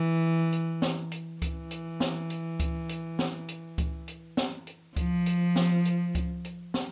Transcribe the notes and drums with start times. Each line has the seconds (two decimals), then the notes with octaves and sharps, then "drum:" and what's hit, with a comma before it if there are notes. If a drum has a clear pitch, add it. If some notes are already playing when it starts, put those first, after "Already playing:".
Already playing: E3
0.52 drum: hi-hat
0.82 drum: snare
1.12 drum: hi-hat
1.42 E3, drum: kick C#2, hi-hat
1.71 drum: hi-hat
2.00 drum: snare
2.30 drum: hi-hat
2.60 drum: kick C#2, hi-hat
2.89 drum: hi-hat
3.19 drum: snare
3.48 drum: hi-hat
3.78 drum: kick C#2, hi-hat
4.08 drum: hi-hat
4.37 drum: snare
4.67 drum: hi-hat
4.96 F3, drum: kick C#2, hi-hat
5.26 drum: hi-hat
5.56 drum: snare
5.85 drum: hi-hat
6.15 drum: kick C#2, hi-hat
6.45 drum: hi-hat
6.74 drum: snare